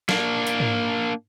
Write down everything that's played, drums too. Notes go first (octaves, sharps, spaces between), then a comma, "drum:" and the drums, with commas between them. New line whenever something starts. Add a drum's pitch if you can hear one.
A#3 D4, drum: snare
drum: hi-hat
drum: tom G#2